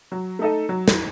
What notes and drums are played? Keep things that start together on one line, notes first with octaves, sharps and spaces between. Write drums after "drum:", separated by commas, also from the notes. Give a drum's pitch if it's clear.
F#3
A3 D#4 A4 D#5
F#3
drum: snare